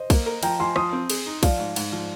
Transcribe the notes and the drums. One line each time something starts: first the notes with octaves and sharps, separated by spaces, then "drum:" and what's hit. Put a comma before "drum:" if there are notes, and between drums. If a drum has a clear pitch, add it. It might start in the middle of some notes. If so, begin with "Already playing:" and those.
Already playing: C5 D#5
A#3, drum: kick, cymbal
A#4
F3 G5 A#5, drum: cymbal
F3 G#5 C6
F3 C6 D#6, drum: rim click
C4
G#4, drum: cymbal
D#4
F3 D5 F5, drum: kick, cymbal
G#2
G#2, drum: cymbal
F3